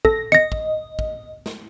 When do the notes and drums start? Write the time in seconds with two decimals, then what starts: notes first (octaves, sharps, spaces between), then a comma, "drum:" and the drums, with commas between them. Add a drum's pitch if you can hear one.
0.05 A4 A#6, drum: kick
0.32 D#5 A#6 C#7
0.52 drum: kick
0.99 drum: kick
1.46 drum: snare